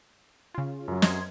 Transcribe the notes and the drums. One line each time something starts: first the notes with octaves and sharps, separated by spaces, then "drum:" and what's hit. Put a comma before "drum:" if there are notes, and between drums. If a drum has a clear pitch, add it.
C#3 F4
F#2 F#3
D#5 C6 G#6, drum: snare